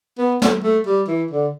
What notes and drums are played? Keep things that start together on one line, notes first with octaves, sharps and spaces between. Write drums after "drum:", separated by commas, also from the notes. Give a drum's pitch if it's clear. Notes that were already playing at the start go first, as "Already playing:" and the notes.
B3
A3, drum: snare
A3
G3
E3
D3